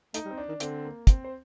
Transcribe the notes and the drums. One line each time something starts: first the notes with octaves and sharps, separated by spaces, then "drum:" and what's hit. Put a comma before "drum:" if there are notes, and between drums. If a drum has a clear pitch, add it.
A3 D#4, drum: hi-hat
G3
C4
D4
D#3
D3 C4, drum: hi-hat
A#3
C4, drum: kick, hi-hat
C5